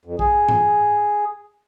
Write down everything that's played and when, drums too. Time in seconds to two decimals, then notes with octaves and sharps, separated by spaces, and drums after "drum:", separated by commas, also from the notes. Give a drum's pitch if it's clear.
0.05 F2
0.19 G#4, drum: kick A#1
0.49 drum: tom G#2